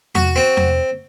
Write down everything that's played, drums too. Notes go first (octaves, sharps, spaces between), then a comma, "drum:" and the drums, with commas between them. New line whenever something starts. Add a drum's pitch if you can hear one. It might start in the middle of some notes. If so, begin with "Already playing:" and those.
F#4, drum: tom E2
C4
drum: tom E2